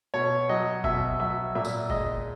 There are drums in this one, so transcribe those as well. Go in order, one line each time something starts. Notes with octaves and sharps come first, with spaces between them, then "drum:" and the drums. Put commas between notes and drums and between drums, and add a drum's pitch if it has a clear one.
B2 C#5
F#3 D#5
B2 E5, drum: kick
F#3 E5
A#2 E5
drum: tambourine
G#3 D#5, drum: kick